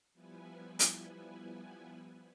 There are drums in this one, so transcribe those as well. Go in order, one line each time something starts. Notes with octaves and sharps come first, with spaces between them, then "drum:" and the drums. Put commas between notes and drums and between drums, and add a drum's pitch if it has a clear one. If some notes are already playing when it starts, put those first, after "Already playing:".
F3 G3 B3 E4 B4 G#5
drum: hi-hat